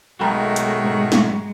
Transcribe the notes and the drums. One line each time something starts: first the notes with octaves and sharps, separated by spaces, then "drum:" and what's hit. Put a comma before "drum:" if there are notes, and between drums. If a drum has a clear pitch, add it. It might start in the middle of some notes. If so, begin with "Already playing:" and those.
B1 D#3 G#3 A3 F#4 G5 A#5 B5
drum: hi-hat
G#2
drum: snare